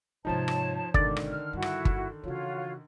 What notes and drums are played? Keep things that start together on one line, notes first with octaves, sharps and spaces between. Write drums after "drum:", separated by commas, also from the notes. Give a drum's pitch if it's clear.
G#2 C3 F3 D#4 C5 C#5 A5
drum: rim click
G#1 B2 D3 D#3 D5, drum: kick G1
drum: rim click
F6
G2 E4 F#4
drum: rim click
drum: kick G1
C#3 E3 F4 F#4 C#5